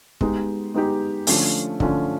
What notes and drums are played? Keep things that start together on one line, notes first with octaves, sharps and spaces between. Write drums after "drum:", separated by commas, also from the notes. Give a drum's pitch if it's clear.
G#3 B3 D#4 G4, drum: kick
G#3 B3 D#4 G4
D3 F3 A3 C#4, drum: open hi-hat
D3 F3 A3 C#4, drum: kick